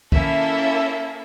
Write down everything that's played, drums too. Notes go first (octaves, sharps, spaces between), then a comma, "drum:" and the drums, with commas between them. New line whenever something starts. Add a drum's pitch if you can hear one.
A#3 C#4 E4 A4 E5, drum: kick